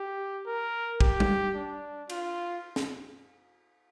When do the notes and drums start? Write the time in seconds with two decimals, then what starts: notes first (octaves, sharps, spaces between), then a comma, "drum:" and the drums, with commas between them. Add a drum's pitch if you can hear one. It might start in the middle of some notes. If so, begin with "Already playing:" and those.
Already playing: G4
0.46 A#4
1.01 G4, drum: kick
1.20 drum: tom G3
1.55 D4
2.10 F4, drum: cymbal
2.76 drum: snare